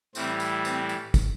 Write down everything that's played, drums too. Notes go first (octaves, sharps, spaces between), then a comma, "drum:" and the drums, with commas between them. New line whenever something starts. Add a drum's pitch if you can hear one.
A2 E3 G3 C4, drum: tambourine
drum: tambourine
C4, drum: tambourine
drum: tambourine
drum: kick, tambourine